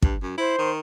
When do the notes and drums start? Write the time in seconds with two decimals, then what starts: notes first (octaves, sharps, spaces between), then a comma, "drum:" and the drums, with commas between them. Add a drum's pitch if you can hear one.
0.02 G2, drum: kick
0.22 F#2
0.38 E4 C5
0.59 D#3